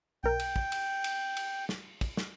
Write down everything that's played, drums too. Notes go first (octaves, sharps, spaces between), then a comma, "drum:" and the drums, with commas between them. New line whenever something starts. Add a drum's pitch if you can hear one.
B1 A#4 G5
drum: cymbal
drum: kick
drum: cymbal
drum: cymbal
drum: cymbal
drum: snare
drum: kick, cymbal
drum: snare